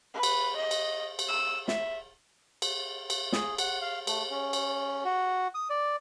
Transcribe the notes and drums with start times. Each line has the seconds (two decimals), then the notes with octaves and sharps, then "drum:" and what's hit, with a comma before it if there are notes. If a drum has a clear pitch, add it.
0.14 B4
0.23 drum: cymbal
0.56 D#5
0.71 drum: cymbal
1.19 drum: cymbal
1.28 E6
1.68 E5, drum: snare
2.62 drum: cymbal
3.10 drum: cymbal
3.32 G#4, drum: snare
3.58 F#5, drum: cymbal
3.82 F5
4.07 A3, drum: cymbal
4.30 C#4
4.53 drum: cymbal
5.05 F#4
5.54 D#6
5.70 D5